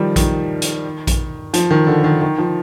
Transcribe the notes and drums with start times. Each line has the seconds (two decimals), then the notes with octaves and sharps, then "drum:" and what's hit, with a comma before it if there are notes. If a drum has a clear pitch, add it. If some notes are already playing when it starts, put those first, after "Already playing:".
Already playing: D#3 F3 G3
0.16 D#3, drum: kick A#1, hi-hat
0.62 drum: hi-hat
1.07 drum: kick A#1, hi-hat
1.54 F3, drum: hi-hat
1.71 D#3
1.87 D3
2.04 D#3
2.22 D#3
2.38 F3